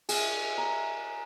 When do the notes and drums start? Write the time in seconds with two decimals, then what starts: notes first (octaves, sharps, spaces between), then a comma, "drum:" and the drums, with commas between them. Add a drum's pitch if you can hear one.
0.09 G#4, drum: cymbal
0.58 A#5